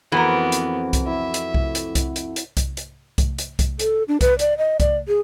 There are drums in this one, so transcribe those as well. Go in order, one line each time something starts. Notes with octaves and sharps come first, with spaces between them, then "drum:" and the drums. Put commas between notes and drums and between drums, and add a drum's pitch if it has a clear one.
F2 E3 A3 B3 F#4 A#4 F#5
drum: hi-hat
drum: kick C2, hi-hat
E4 E5
drum: hi-hat
drum: kick C2
drum: hi-hat
drum: kick C2, hi-hat
drum: hi-hat
drum: hi-hat
drum: kick C2, hi-hat
drum: hi-hat
drum: kick C2, hi-hat
drum: hi-hat
drum: kick C2, hi-hat
A4, drum: hi-hat
D4
B4, drum: kick C2, hi-hat
D5, drum: hi-hat
D#5
D5, drum: kick C2, hi-hat
G#4